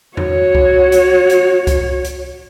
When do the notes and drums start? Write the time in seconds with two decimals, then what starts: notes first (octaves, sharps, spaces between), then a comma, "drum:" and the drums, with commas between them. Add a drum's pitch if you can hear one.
0.17 F#4 C#5, drum: tom E2
0.55 drum: kick C2
0.92 drum: hi-hat
1.30 drum: hi-hat
1.67 drum: kick C2, hi-hat
2.05 drum: hi-hat